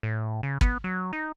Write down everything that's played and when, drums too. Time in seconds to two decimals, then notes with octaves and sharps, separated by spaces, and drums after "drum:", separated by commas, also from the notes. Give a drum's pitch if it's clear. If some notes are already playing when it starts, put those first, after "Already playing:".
0.03 A2
0.43 C#3
0.61 B3, drum: kick
0.84 F#3
1.13 D#4